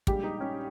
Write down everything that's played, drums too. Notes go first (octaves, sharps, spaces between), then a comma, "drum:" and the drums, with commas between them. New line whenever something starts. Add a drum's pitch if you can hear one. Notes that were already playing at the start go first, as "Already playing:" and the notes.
A#1 A#2 G3 G#3 G4, drum: kick
D#4
C#4